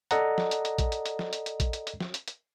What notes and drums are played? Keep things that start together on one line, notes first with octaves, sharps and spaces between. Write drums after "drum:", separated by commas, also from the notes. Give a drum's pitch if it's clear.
A4 D5 D#5 F#5 A#5, drum: hi-hat
drum: snare
drum: hi-hat
drum: hi-hat
drum: kick A#1, hi-hat
drum: hi-hat
drum: hi-hat
drum: snare
drum: hi-hat
drum: hi-hat
drum: kick A#1, hi-hat
drum: hi-hat
drum: hi-hat
drum: snare
drum: hi-hat
drum: hi-hat